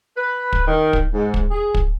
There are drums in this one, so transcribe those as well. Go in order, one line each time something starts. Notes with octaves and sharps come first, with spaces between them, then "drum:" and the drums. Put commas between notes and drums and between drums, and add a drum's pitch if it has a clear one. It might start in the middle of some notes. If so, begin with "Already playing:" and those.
B4
drum: kick
D#3
drum: kick
G#2
drum: kick
G#4
drum: kick